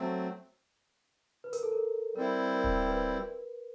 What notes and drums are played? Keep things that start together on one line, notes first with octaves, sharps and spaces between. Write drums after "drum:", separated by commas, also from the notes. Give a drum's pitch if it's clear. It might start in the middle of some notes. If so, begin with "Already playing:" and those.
Already playing: F#3 A3 C4
B4
A#4, drum: hi-hat
A4
A#4
G3 C4 E4 A#4
A#4
drum: kick D1
B4